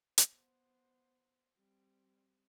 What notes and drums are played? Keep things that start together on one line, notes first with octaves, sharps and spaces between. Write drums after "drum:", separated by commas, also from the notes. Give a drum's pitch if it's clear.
B3 C5, drum: hi-hat
G3 C4